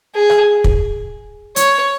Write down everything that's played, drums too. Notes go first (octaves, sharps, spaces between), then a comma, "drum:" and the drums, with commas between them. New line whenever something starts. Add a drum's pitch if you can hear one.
G#4
drum: rim click
drum: kick
C#5, drum: hi-hat